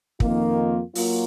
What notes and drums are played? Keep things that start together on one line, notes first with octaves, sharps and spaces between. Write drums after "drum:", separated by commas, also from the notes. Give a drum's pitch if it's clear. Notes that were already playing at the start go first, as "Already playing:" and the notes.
F2 D#3 A#3 F4, drum: kick
F#3 A#3 F4, drum: open hi-hat